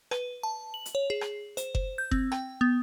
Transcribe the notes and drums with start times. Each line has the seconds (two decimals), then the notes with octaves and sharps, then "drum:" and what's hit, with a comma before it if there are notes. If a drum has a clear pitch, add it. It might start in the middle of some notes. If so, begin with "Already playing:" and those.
0.11 B4, drum: rim click
0.43 A5
0.74 F#7
0.85 drum: hi-hat
0.95 C#5
1.10 G#4
1.21 drum: rim click
1.57 C5, drum: hi-hat
1.75 C5, drum: kick F#1
1.98 G6
2.11 C4, drum: kick F#1
2.32 G5, drum: rim click
2.61 B3